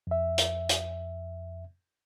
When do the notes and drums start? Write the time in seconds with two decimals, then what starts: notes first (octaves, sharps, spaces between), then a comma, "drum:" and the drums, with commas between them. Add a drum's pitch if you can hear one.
0.07 F2 E5
0.38 drum: hi-hat
0.69 drum: hi-hat